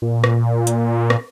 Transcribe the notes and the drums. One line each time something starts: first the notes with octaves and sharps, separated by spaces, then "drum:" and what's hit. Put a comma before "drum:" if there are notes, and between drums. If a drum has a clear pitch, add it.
A#2
drum: rim click
drum: hi-hat
drum: rim click